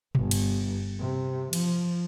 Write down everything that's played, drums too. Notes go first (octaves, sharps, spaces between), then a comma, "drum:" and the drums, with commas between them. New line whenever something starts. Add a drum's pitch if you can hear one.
G1, drum: tom B2
drum: cymbal
C3
F3, drum: cymbal